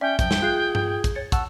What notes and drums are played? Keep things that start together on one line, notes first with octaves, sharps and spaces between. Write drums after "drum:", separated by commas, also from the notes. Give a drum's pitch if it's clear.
C#4 D5 E5 G5
C2 F#2 F3 G5, drum: kick, hi-hat
drum: snare
F4 G#4 F#6 G6 C7
drum: tom G2
drum: kick, hi-hat
C#5 A6 C#7
F#5 A5 C#6 E6, drum: kick, hi-hat